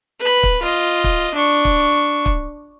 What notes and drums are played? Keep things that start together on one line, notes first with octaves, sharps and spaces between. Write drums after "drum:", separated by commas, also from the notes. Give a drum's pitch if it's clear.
B4 B5
drum: kick
F4 D#5
drum: kick
D4 C#6
drum: kick
drum: kick